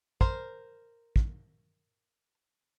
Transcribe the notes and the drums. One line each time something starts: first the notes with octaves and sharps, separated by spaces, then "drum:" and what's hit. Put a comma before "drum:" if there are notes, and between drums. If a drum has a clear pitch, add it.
A#4 C5, drum: kick
drum: kick